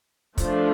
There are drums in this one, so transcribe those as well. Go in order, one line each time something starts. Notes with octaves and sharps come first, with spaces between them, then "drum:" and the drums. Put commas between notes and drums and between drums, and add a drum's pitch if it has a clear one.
F3 A3 D4 F4, drum: kick, hi-hat